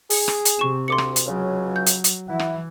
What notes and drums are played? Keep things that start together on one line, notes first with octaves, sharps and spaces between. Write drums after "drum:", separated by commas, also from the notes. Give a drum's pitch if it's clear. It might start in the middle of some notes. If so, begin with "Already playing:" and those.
G#4, drum: open hi-hat
drum: rim click
drum: hi-hat
C3 C#6 E7
D2 C6 D6 C#7
drum: rim click
drum: hi-hat
C#2 C#3 F#3
G6
drum: hi-hat
drum: hi-hat
E3 E4 F#5
drum: rim click